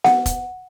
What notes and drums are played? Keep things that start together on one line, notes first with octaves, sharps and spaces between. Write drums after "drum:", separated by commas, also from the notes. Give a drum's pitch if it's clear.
F#5, drum: snare B3
drum: kick F1, hi-hat